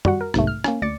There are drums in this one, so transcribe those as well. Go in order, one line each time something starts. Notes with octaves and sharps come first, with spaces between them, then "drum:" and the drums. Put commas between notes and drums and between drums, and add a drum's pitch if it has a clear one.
G3 F#4 F#5, drum: tom
A#4
B1 E2 G#2 C3 D#3 A3, drum: rim click
F6
A#3 C#4, drum: rim click
D2 D5 D6 A6 C#7